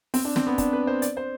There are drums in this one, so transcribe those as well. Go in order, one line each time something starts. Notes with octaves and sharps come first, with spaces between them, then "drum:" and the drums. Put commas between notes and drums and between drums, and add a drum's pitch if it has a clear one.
C4, drum: open hi-hat
D4
C4, drum: snare
B3
D4, drum: kick, hi-hat
B4
C5
D5, drum: hi-hat
C5